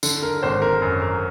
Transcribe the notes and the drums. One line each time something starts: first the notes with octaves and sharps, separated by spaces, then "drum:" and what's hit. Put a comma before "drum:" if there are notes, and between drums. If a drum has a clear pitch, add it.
D3, drum: tambourine
A#4
G#1 C5
A#4
F#2
A#4